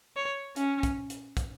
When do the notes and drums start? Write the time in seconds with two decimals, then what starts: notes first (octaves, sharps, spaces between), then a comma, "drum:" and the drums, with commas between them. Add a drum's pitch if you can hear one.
0.16 C#5
0.56 C#4, drum: hi-hat
0.83 drum: kick, hi-hat
1.10 drum: hi-hat
1.37 drum: kick, hi-hat